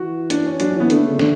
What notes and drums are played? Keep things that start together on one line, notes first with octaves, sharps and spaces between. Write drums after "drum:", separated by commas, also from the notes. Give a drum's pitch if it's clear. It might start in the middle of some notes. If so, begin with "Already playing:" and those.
Already playing: E3 F#4
D4, drum: hi-hat
C#4
F#3 D4, drum: hi-hat
C#4
E3 B3
D3 A3, drum: hi-hat
C#3
D3, drum: snare